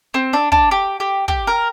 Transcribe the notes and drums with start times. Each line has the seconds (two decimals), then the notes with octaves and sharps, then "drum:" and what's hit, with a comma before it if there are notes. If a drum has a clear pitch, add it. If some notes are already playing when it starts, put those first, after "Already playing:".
0.14 C4
0.33 D4
0.52 D4, drum: kick
0.71 G4
1.00 G4
1.28 G4, drum: kick
1.47 A#4